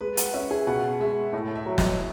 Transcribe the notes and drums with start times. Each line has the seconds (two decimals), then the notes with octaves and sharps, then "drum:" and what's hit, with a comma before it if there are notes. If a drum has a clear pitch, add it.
0.01 G#3 B4
0.17 F#5, drum: hi-hat
0.34 C#4 E5
0.51 G#4
0.67 B2 F#5
1.00 G#3 E5
1.33 A2
1.55 E5
1.66 F#3
1.78 D#5, drum: snare